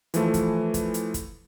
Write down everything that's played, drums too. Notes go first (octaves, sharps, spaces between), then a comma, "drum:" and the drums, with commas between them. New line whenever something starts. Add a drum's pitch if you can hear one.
E3 F3 A3, drum: hi-hat
drum: kick, hi-hat
drum: kick, hi-hat
drum: hi-hat
drum: kick, hi-hat